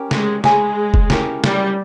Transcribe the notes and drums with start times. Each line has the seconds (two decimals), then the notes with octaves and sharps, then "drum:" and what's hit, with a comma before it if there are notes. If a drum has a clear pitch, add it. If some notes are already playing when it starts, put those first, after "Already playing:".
Already playing: C#4 G4 A#4
0.11 G#3, drum: snare
0.44 G#3 G#4 C#5 G#5 B5, drum: snare
0.94 drum: kick F1
1.10 C#4 E4 G4 A#4, drum: snare
1.44 G3, drum: snare